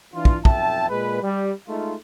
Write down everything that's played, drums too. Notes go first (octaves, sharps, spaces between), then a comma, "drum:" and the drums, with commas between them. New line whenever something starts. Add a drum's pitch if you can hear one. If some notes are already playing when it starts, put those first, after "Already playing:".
E3 D4 F4
drum: kick
B1 F2 E5 G5 A5, drum: kick
A#2 G#3 B4
G3
G#3 A3 D#4 F4